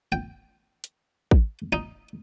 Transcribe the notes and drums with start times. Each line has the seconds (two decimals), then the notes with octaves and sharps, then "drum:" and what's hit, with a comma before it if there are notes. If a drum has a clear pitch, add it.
0.12 G5
0.84 drum: hi-hat
1.31 drum: kick
1.73 D#4